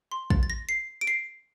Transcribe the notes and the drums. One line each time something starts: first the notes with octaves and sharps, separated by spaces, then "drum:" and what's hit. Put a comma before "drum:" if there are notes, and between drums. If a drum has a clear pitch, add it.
C6
A6, drum: kick
A6
A#6
C7
D7
C7